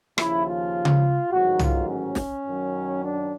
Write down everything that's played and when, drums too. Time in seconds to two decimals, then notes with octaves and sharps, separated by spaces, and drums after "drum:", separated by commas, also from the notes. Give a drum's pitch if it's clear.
0.18 D#2 C#3 F3 E4, drum: rim click
0.46 F4
0.85 drum: tom C#3
1.31 A1 G#2 D#3 F#3 F#4
1.59 F4, drum: tom
1.88 C#4
2.15 drum: snare
2.45 F#2 D#3 F#3
3.02 D4